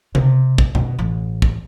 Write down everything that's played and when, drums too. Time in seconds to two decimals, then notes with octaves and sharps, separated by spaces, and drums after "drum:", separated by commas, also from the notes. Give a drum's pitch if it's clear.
0.15 C3, drum: tom C#3
0.58 drum: kick
0.75 B2, drum: tom F#2
0.99 A1
1.42 drum: kick